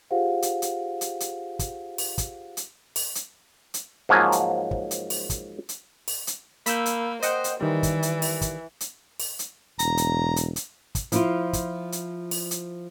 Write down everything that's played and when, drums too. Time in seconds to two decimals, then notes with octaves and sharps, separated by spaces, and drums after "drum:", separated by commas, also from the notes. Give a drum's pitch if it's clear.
0.11 F4 G4 G#4 C5 F5 F#5
0.42 drum: hi-hat
0.62 drum: hi-hat
1.01 drum: hi-hat
1.20 drum: hi-hat
1.59 drum: kick, hi-hat
1.98 drum: open hi-hat
2.18 drum: kick, hi-hat
2.57 drum: hi-hat
2.96 drum: open hi-hat
3.15 drum: hi-hat
3.74 drum: hi-hat
4.09 G#2 F3 F#3 A#3 G#5
4.32 drum: hi-hat
4.71 drum: kick
4.91 drum: hi-hat
5.10 drum: open hi-hat
5.30 drum: kick, hi-hat
5.69 drum: hi-hat
6.08 drum: open hi-hat
6.27 drum: hi-hat
6.66 A#3 B5 E6 G6, drum: hi-hat
6.86 drum: hi-hat
7.22 C5 D#5 F#5 G5, drum: hi-hat
7.44 drum: hi-hat
7.61 D#3 E3 G3
7.83 drum: kick, hi-hat
8.03 drum: hi-hat
8.22 drum: open hi-hat
8.42 drum: kick, hi-hat
8.81 drum: hi-hat
9.19 drum: open hi-hat
9.39 drum: hi-hat
9.79 E1 A#5, drum: hi-hat
9.97 drum: hi-hat
10.36 drum: hi-hat
10.56 drum: hi-hat
10.95 drum: kick, hi-hat
11.12 F3 E4 F4, drum: hi-hat
11.53 drum: kick, hi-hat
11.92 drum: hi-hat
12.31 drum: open hi-hat
12.51 drum: hi-hat